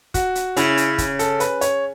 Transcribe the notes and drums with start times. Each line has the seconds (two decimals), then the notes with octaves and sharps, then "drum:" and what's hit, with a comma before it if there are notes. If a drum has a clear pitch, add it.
0.14 F#4, drum: kick, hi-hat
0.35 drum: hi-hat
0.57 C#3 E4, drum: hi-hat
0.77 drum: hi-hat
0.98 drum: kick, hi-hat
1.19 A4, drum: hi-hat
1.40 B4, drum: hi-hat
1.61 C#5, drum: hi-hat